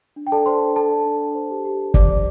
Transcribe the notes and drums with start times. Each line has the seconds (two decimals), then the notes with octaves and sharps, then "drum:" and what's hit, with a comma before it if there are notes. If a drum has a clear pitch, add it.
0.16 D4
0.27 G5
0.32 A4 D5 A5
0.46 D4 C5 C6
0.61 D4
0.75 D4 A4 A5
0.91 D5
1.05 D4
1.21 D4
1.35 C5
1.50 G4
1.65 G4
1.80 G4
1.94 C5 D5 D6, drum: kick
2.10 C5